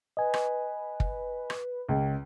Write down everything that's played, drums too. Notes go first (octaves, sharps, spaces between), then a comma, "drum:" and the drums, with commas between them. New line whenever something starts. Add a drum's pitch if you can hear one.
B4 D#5 G#5
drum: rim click
drum: kick
drum: rim click
C#2